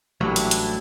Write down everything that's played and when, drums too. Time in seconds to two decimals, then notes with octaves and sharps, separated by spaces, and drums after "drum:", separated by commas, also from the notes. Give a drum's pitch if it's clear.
0.21 A1 F#3 G3 A3 A#3 D4 E4 G4
0.36 drum: hi-hat
0.51 drum: hi-hat